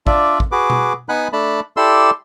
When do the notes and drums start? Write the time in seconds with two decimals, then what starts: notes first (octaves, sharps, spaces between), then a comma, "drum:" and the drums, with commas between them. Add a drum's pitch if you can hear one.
0.07 D4 F4 D5 E5, drum: kick
0.40 drum: kick
0.52 F#4 G#4 B4 D6
0.70 drum: tom B2
1.09 B3 D#4 F#5 G#5 B5 F#6
1.33 A3 D4 A5 B5
1.77 E4 G4 A4 D5 C6 E6